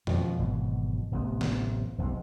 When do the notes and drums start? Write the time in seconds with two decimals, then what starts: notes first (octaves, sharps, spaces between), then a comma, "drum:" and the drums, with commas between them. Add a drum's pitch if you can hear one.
0.07 B2 F3, drum: tom F2
0.39 G#1 B2 E3 F#3
1.12 D1 A1 C3 B3
1.41 drum: snare
1.98 E1 B1 A2 C3